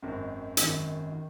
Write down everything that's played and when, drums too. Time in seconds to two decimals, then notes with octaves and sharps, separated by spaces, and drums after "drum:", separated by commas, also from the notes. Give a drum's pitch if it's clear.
0.02 G#1 F#2 D#3
0.57 G#1 F#2 D#3, drum: hi-hat
1.12 D#3